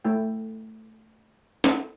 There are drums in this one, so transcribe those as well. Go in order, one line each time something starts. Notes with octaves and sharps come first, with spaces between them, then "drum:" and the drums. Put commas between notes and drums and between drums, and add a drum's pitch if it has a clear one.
A3 E4 G5
drum: snare